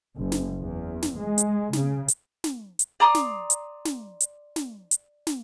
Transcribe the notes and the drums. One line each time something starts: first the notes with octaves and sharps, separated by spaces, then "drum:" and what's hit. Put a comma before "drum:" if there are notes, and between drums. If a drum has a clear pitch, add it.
F#1
drum: snare
E2
drum: snare
G#3
drum: hi-hat
C#3, drum: snare
drum: hi-hat
drum: snare
drum: hi-hat
D5 A#5 C6 D#6
drum: snare
drum: hi-hat
drum: snare
drum: hi-hat
drum: snare
drum: hi-hat
drum: snare